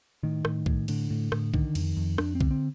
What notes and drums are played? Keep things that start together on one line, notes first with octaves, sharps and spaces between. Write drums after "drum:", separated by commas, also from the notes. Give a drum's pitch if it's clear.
A2 D#3
A2, drum: rim click
A2, drum: kick B1
A2 D3, drum: cymbal
A2
A2, drum: rim click
D3 D#3, drum: kick B1
F2, drum: cymbal
F2
F2 D4, drum: rim click
C4
D3, drum: kick B1
C4